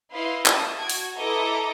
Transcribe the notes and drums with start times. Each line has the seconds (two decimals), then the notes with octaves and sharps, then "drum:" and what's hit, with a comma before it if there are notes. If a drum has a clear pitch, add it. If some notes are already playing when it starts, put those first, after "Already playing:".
0.12 E4 B4 D#5 F5 C6
0.46 A5 D#6, drum: clap
0.77 F#4 G#6 D7
0.90 drum: open hi-hat
1.17 E4 A4 B4 D#5 A#5 D6